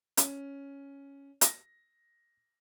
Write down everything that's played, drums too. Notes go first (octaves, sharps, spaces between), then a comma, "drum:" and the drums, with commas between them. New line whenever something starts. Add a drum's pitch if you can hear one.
C#4, drum: hi-hat
A#6, drum: hi-hat